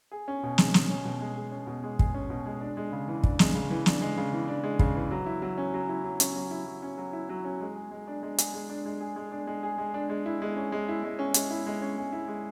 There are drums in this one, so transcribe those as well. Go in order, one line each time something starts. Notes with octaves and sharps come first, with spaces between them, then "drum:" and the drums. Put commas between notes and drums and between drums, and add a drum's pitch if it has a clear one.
G#4
C#4
B2
G#3, drum: snare
G#4, drum: snare
C#4
B2
G#3
G#4
C#4
B2
G#3
G#4, drum: kick
C#4
B2
G#3
D4
G#3
C#3
E3
D4, drum: kick
G#3, drum: snare
C#3
E3
D4, drum: snare
G#3
C#3
E3
D4
G#3
C#3, drum: kick
E3
F#3
E4
F#3
C#4
F#3
E4
F#3
C#4, drum: hi-hat
F#3
E4
F#3
C#4
F#3
E4
F#3
C#4
G#3
G#4
G#3
D4
G#3
G#4, drum: hi-hat
G#3
D4
G#3
G#4
G#3
D4
G#3
G#4
G#3
D4
G#3
E4
G#3
C#4
G#3
E4
G#3
C#4
G#3, drum: hi-hat
E4
G#3
C#4
G#3
E4
G#3